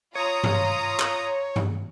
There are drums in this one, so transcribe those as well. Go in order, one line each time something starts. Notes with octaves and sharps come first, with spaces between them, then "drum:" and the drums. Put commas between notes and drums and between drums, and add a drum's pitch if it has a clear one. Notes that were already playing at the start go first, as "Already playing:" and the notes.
F4 C#5 A#5 D#6
drum: tom G2
drum: clap
drum: tom G2